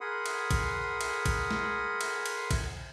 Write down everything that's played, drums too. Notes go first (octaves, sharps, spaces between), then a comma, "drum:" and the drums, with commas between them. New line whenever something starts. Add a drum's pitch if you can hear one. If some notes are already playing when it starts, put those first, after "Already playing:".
G#4 A#4 F#5 B5 C6 D#6
drum: cymbal
drum: kick, cymbal
drum: cymbal
drum: kick, cymbal
drum: snare
drum: cymbal
drum: cymbal
drum: kick, cymbal